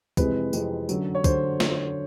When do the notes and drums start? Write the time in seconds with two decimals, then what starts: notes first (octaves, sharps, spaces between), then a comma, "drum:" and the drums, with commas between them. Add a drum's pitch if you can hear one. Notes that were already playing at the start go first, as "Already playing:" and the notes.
0.17 F2 C3 E3 G#3 C4 B4, drum: kick, tambourine
0.53 F2 C3 E3 G#3 C4, drum: tambourine
0.89 F#2 D3 F#3, drum: tambourine
1.15 C#5
1.24 D3 F#3 C5, drum: kick, tambourine
1.60 drum: snare